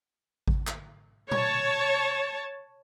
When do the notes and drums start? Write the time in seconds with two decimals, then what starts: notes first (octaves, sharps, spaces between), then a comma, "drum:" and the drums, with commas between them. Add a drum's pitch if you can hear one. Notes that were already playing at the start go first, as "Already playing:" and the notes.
0.48 drum: kick G#1
0.67 drum: clap
1.31 C#5 A5, drum: tom A#2